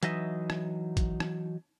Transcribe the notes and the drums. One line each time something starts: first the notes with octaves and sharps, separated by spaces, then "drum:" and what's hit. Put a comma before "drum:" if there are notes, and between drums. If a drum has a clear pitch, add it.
E3 F#3 D#4 D#5 E5, drum: hi-hat
drum: rim click
drum: kick A1, hi-hat
drum: rim click